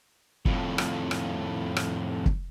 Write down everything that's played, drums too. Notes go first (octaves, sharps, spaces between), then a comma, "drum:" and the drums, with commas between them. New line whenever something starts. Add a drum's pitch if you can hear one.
F2 A2, drum: kick
drum: rim click
drum: rim click
drum: rim click
drum: kick